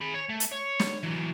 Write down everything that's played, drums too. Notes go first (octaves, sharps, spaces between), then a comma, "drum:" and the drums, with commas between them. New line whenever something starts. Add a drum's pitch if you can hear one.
G#4 B5
C#5
A3
drum: hi-hat
C#5
drum: snare
E3 F#3